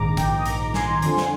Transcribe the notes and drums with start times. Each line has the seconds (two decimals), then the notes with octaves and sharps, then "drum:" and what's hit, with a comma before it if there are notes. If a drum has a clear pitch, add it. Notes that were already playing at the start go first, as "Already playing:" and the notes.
Already playing: A#1 G#2 D#3 A#5 D6
0.17 G5 A#5, drum: kick, hi-hat
0.39 D#6
0.46 A#1 G#2 D#3 A#5 D6, drum: hi-hat
0.74 G#5 C6, drum: snare
1.02 F2 D3 F3, drum: hi-hat
1.17 drum: snare